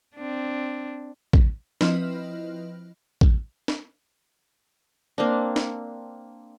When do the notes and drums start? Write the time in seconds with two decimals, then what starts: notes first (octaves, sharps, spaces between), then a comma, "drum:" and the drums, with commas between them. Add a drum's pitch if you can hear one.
0.16 C4 D4
1.33 drum: kick
1.81 F3 C4 E4 B4 D#5 F6, drum: snare
3.21 drum: kick
3.68 drum: snare
5.18 A#3 C4 D4
5.56 drum: snare